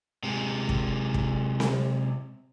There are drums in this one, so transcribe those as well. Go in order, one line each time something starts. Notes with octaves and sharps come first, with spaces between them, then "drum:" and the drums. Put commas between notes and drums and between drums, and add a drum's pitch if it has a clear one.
C3 G#3
drum: kick
drum: kick
drum: snare C4